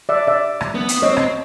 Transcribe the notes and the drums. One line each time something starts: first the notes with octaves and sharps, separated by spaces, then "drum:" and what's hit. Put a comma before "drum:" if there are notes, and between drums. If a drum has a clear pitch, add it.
D5 E5
D5 E5
drum: rim click
B3
drum: hi-hat
C4 C#5 D#5
drum: rim click